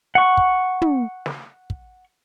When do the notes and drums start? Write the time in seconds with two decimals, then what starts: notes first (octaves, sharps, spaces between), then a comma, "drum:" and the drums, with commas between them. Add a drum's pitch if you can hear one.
0.15 F#5 C#6
0.37 drum: kick
0.82 drum: tom
1.26 drum: snare
1.70 drum: kick